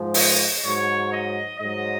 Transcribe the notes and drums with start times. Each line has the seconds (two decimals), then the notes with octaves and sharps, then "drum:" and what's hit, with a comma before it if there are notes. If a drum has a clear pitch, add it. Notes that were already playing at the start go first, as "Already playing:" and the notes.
Already playing: G#2 F3 G#3
0.14 D#5, drum: open hi-hat
0.63 G#2 F#3 C#5
1.11 D#5
1.59 G#2 F#3 D#5